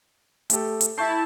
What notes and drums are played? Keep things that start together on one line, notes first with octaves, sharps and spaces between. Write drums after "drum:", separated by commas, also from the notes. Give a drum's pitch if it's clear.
A3 G4 A4, drum: hi-hat
drum: hi-hat
E4 A5 C#6 G6 C7